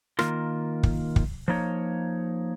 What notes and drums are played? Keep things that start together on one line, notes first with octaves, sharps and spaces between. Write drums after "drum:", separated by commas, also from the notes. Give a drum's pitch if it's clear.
D#3 A#3 F4 A#4, drum: rim click
drum: kick
drum: kick
F3 A#3 D#4 C#5